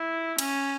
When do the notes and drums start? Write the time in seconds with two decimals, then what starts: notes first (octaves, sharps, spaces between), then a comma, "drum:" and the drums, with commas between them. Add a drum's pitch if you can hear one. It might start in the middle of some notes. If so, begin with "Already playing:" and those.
Already playing: E4
0.38 C#4, drum: cymbal